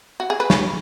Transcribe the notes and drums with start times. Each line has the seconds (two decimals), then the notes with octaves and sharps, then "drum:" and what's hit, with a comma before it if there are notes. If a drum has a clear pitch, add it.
0.20 F#4
0.30 G#4
0.40 B4
0.50 C#5, drum: snare